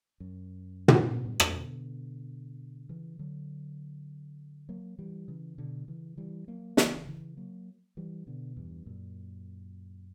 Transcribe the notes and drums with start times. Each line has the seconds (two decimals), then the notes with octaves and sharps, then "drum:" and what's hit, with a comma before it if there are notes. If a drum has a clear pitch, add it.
0.20 F#2
0.88 drum: tom
1.10 A#2 C#3
1.25 G2 B2
1.40 F#2 A#2, drum: rim click
1.55 B2 D3
2.89 C#3 E3
3.19 D3 F#3
4.69 F#3 A#3
4.99 E3 G3
5.28 C#3 E3
5.58 B2 D3
5.88 C#3 E3
6.17 E3 G3
6.48 F#3 A#3
6.77 C#3 E3, drum: snare
7.07 C#3 E3
7.37 F#3 A#3
7.97 E3 G3
8.27 B2 D3
8.57 E2 G2
8.86 F#2 A#2